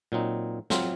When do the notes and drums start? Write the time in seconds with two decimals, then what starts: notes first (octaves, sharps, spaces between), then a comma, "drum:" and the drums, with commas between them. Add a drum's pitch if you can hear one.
0.12 A#2 F#3 C4 D#4
0.70 F#3 C4 F4, drum: snare